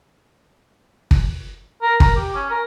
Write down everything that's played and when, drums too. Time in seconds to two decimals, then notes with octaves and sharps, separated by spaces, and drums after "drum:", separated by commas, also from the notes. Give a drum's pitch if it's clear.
1.11 drum: kick
1.82 A#4
2.00 A#4, drum: kick
2.16 G4
2.35 C#4
2.51 A#4